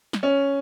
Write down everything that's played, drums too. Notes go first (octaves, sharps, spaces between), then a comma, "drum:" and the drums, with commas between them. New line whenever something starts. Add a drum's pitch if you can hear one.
drum: snare
C#4